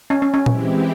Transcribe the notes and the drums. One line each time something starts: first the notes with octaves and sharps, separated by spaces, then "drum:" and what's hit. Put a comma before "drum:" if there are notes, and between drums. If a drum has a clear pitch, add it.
C#4
C#4
C#4
E3 G#3 C4 E4 G4, drum: tom A#2